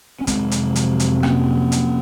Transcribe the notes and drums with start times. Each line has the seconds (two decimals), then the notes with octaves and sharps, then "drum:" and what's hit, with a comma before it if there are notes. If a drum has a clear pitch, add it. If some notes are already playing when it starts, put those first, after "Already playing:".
0.21 C#4
0.27 F2 C3 F#3 G#3 C4, drum: kick, hi-hat
0.51 drum: hi-hat
0.76 drum: hi-hat
1.00 drum: hi-hat
1.23 A#3 C#4, drum: rim click
1.72 drum: hi-hat